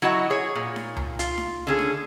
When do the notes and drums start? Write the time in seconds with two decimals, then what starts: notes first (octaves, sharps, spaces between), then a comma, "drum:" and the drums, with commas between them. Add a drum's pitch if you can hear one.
0.02 F#3 E4 F#4 D#5 F#5
0.30 G#4 C#5
0.55 A#2
0.76 drum: snare D#4
0.97 drum: tom C#2
1.19 F4, drum: hi-hat
1.38 drum: snare D#4
1.67 D3 C#4 G#4
1.79 drum: snare D#4